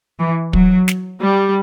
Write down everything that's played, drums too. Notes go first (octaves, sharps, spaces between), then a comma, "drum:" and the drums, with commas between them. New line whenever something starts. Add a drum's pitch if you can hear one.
E3
F#3, drum: kick
drum: snare
G3